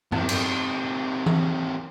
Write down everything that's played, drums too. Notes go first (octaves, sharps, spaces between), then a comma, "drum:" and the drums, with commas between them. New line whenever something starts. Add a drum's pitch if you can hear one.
C3 D#3, drum: tom G2
drum: cymbal
drum: tom E3